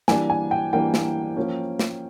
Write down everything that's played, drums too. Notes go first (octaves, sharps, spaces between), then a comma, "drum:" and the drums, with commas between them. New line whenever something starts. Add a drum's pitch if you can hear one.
E3 G3 A#3 D4 G#5, drum: snare
G#5
G5
E3 G3 A#3 D4 G5
drum: snare
F3 A#3 C#4
drum: snare